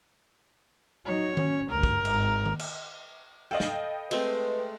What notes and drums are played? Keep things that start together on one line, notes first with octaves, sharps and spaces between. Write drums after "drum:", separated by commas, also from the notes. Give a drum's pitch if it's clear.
F#3 D#4 C#5
C#4, drum: tom D#3
D2 G2 A#4
drum: kick
G#1, drum: cymbal
drum: tom D#3
drum: cymbal
A4 B4 D#5 F5 G5
drum: snare
G#3 A3 C4 B4, drum: cymbal